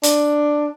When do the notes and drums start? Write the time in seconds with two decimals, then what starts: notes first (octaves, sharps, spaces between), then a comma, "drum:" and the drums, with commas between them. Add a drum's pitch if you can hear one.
0.03 D4, drum: hi-hat